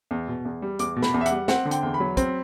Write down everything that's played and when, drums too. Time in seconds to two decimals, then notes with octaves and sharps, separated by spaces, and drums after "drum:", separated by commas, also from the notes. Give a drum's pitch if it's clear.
0.11 E2
0.28 B2
0.45 E2
0.62 G3
0.79 E2 D6, drum: hi-hat
0.96 B2
1.03 B5, drum: snare
1.14 E2
1.21 E5
1.26 F#5, drum: hi-hat
1.31 G3
1.48 C4 F#5, drum: snare
1.65 D3
1.71 G5, drum: hi-hat
1.83 E2
1.94 B5
2.00 F#3
2.17 C4, drum: kick, hi-hat